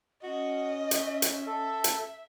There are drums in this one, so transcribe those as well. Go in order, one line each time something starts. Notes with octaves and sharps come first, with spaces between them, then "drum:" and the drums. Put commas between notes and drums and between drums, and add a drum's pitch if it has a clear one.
C#4 F#4 D#5
E5, drum: hi-hat
drum: hi-hat
A4
drum: hi-hat